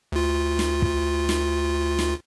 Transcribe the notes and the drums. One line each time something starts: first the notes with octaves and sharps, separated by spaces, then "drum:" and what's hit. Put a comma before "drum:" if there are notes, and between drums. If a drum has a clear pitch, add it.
D2 F4
drum: snare
drum: kick
drum: snare
drum: snare